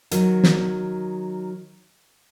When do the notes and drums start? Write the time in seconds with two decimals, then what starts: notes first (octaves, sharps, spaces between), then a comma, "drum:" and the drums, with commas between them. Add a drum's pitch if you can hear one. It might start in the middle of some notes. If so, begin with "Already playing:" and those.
0.11 D#3 F#3, drum: hi-hat
0.43 drum: snare